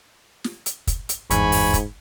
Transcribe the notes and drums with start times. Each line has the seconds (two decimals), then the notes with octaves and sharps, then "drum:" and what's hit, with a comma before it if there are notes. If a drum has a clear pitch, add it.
0.44 drum: snare
0.66 drum: hi-hat
0.87 drum: kick, hi-hat
1.09 drum: hi-hat
1.30 G1 E2 G#2 G#5 B5 C#6, drum: hi-hat
1.52 drum: open hi-hat
1.74 drum: kick, hi-hat